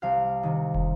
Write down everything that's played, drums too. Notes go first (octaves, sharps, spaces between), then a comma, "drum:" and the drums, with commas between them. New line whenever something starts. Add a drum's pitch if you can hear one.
C2 F5
C3 D#3
drum: kick